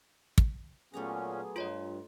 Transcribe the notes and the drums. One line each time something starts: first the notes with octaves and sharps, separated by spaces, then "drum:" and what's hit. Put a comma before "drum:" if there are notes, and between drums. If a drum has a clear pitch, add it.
drum: kick
A#2 F#3 A3 B3 C#4 G4 G#4 A#5
G2 F4 C5 C#5 D#5